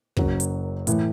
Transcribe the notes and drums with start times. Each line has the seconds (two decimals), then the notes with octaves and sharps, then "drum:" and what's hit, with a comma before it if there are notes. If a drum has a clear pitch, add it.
0.17 F#1 F#2 F#3, drum: kick
0.40 drum: hi-hat
0.87 A2 E3 A3, drum: hi-hat